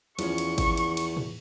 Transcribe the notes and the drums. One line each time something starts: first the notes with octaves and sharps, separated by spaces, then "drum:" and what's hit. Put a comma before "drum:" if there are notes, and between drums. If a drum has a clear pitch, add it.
E2 F3 C#4 C#6, drum: cymbal
drum: cymbal
drum: kick G#1, cymbal
drum: cymbal
drum: cymbal
drum: tom